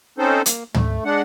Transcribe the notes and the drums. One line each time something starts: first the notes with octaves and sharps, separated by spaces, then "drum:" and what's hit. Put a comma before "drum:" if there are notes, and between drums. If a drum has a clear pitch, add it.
C4 C#4 D#4 A4 C5
A#3, drum: hi-hat
A3, drum: tom
G#3 D4 F#5